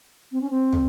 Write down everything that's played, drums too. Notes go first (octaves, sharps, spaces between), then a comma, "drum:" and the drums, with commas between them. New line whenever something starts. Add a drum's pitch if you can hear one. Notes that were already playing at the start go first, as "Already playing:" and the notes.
C4
C#4
C4
drum: tom